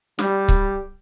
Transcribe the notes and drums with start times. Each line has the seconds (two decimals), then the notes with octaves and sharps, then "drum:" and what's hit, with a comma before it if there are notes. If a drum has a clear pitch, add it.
0.19 G3, drum: snare
0.48 drum: kick C#1